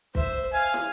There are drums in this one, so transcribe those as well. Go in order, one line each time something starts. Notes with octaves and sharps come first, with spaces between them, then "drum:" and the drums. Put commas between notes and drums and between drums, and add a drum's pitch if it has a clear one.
C5 E5, drum: kick
F5 G#5
drum: snare